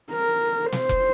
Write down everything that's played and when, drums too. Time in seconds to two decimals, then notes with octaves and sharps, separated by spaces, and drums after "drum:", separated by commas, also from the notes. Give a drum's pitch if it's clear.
0.12 A#4
0.72 C5, drum: snare
0.89 drum: kick F1